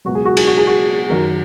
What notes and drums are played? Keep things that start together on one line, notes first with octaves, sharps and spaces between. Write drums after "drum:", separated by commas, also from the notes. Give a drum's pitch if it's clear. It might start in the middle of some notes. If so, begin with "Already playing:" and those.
C#2 B2 F#3 F#4
G#4
F#4
G#4, drum: cymbal
F#4
G#4
F#4
F#2 D#3 F#3 A#4